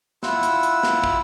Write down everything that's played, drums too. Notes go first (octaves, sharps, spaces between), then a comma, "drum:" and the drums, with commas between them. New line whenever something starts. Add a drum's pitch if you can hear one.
E4 F4 F#5 E6, drum: snare
drum: hi-hat
drum: hi-hat
drum: snare
drum: kick